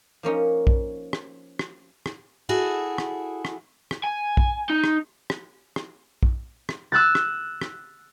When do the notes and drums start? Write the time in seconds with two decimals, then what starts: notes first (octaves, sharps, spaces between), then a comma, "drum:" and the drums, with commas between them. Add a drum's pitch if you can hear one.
0.23 F3 A#3 C#4 D#4
0.67 drum: kick A#1
1.13 drum: rim click
1.59 drum: rim click
2.06 drum: rim click
2.49 E4 F#4 G#4 A4
2.98 drum: rim click
3.45 drum: rim click
3.91 drum: rim click
4.04 G#5
4.37 drum: kick A#1
4.69 D#4
4.84 drum: rim click
5.30 drum: rim click
5.76 drum: rim click
6.23 drum: kick A#1
6.69 drum: rim click
6.92 E6 F#6 A6
7.15 drum: rim click
7.61 drum: rim click